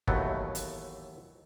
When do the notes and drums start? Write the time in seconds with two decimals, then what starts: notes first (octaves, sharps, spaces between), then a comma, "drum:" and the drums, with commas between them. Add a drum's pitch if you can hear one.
0.07 D#2 E3 F#3 A3 B3, drum: kick G1
0.55 drum: hi-hat